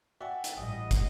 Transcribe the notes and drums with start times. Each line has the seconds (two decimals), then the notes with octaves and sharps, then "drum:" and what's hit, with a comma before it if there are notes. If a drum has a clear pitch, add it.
0.21 F#4 D5 E5 G5 G#5
0.44 drum: hi-hat
0.57 A1 G3 D#5 D#6
0.91 drum: kick, hi-hat